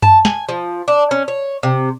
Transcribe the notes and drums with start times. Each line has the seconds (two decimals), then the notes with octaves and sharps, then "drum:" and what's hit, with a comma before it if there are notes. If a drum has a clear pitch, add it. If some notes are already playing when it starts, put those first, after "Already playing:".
0.02 A5, drum: tom F#2
0.25 G#5, drum: snare
0.49 F3
0.88 D4
1.11 C#4
1.28 C#5
1.63 C3